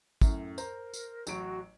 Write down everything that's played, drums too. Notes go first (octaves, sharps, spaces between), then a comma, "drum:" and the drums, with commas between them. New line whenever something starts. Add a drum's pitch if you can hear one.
F#2 A2, drum: kick, tambourine
A#4 C5 A#5, drum: tambourine
drum: tambourine
A1 F#3 F#4 D7, drum: tambourine